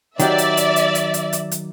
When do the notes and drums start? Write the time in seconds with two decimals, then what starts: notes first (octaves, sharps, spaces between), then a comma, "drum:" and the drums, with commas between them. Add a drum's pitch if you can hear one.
0.19 D#3 F#3 G4 D5 E5, drum: hi-hat
0.38 drum: hi-hat
0.57 drum: hi-hat
0.76 drum: hi-hat
0.95 drum: hi-hat
1.14 drum: hi-hat
1.33 drum: hi-hat
1.51 drum: hi-hat